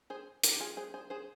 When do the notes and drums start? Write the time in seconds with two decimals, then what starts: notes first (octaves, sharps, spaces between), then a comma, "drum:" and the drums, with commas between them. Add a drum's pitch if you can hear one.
0.10 G#4 C5
0.44 G4 A#4, drum: hi-hat
0.60 F4 G#4
0.77 G#4 C5
0.94 G#4 C5
1.10 G#4 C5